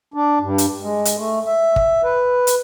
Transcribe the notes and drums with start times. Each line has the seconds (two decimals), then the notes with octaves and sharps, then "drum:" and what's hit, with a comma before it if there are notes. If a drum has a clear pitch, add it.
0.14 D4
0.41 G2
0.58 drum: hi-hat
0.82 G#3
1.05 drum: hi-hat
1.17 A3
1.46 E5
1.76 drum: kick
2.03 B4
2.47 drum: hi-hat